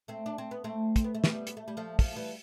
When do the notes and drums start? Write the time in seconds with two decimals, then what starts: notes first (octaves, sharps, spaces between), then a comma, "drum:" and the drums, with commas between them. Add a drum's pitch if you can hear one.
0.08 A3 C4
0.26 D4
0.38 C4
0.51 B3
0.64 A3 C4
0.96 C4, drum: kick, hi-hat
1.04 B3
1.14 A3
1.24 G3 B3, drum: snare
1.47 B3, drum: hi-hat
1.57 A3
1.68 G3
1.77 F3 A3
1.99 F3 A3, drum: kick, open hi-hat
2.16 E3 G3